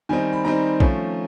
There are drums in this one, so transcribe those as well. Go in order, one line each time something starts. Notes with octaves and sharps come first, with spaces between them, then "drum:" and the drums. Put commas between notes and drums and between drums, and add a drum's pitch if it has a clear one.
D#3 G3 C4 D#4 G#5
B5
D#3 G3 C4 D#4 A#5
F3 A3 C#4, drum: kick A#1